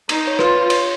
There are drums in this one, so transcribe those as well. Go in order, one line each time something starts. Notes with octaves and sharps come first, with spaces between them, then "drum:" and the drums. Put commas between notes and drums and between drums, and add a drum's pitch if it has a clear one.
D#4, drum: cymbal
C#5
F4 B4, drum: rim click
C#5, drum: cymbal